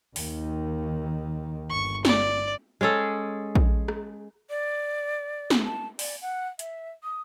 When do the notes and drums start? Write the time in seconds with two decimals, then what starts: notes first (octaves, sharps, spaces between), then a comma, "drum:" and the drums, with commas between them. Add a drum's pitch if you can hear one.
0.16 D#2 D#3, drum: open hi-hat
1.69 G1 C#6
2.05 D5, drum: snare
2.81 G#3 C#4 G#4 A4
3.55 drum: kick
3.88 drum: rim click
4.50 D5
5.50 drum: snare
5.65 A5
5.99 D5, drum: open hi-hat
6.21 F#5
6.59 E5, drum: hi-hat
7.04 D#6